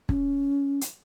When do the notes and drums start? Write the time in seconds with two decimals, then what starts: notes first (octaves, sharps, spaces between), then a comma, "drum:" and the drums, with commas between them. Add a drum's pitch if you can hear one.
0.09 C#4, drum: kick
0.81 drum: hi-hat